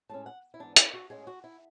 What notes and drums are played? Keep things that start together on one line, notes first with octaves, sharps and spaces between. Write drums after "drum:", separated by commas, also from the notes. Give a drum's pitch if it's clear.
A2 G#3 C#4 A5
F#5
E4
G#2 E3 B3 D4
E4, drum: hi-hat
F#4
A2 G#3 C#4 G#4
F#4
E4